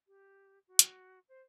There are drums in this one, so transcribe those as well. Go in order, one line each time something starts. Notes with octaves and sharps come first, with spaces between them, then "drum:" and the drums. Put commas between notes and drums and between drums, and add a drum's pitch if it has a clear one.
G4
F#4
drum: hi-hat
C5